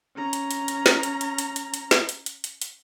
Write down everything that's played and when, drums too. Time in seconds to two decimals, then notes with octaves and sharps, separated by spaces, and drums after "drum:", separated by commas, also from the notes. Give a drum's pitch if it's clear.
0.15 C#4 A#5
0.33 drum: hi-hat
0.51 drum: hi-hat
0.68 drum: hi-hat
0.86 drum: snare
1.03 drum: hi-hat
1.21 drum: hi-hat
1.38 drum: hi-hat
1.56 drum: hi-hat
1.74 drum: hi-hat
1.91 drum: snare
2.09 drum: hi-hat
2.26 drum: hi-hat
2.44 drum: hi-hat
2.62 drum: hi-hat